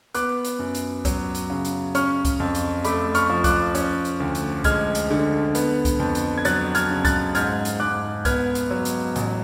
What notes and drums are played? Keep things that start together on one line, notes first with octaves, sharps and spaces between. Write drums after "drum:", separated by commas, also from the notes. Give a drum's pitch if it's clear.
B3 D6 F#6, drum: hi-hat
drum: hi-hat
F#2
drum: hi-hat
F#3, drum: kick C2, hi-hat
drum: hi-hat
C#3
drum: hi-hat
C#4 C#6 F6, drum: hi-hat
drum: kick C2, hi-hat
F2
drum: hi-hat
A3 B5 D6, drum: hi-hat
C#6 F6, drum: hi-hat
F3
D6 F#6, drum: kick C2, hi-hat
C#4, drum: hi-hat
drum: hi-hat
D2
drum: hi-hat
G#3 F6 G#6, drum: kick C2, hi-hat
drum: hi-hat
D3
B3, drum: hi-hat
drum: kick C2, hi-hat
F2
drum: hi-hat
G#6
F#3 F#6 A6, drum: hi-hat
F6 G#6, drum: hi-hat
C#3
F#6 A6, drum: kick C2, hi-hat
G#2 F6 G#6, drum: hi-hat
drum: hi-hat
G#2 D6 F#6
B3 F6 G#6, drum: kick C2, hi-hat
drum: hi-hat
F#3
drum: hi-hat
A1, drum: hi-hat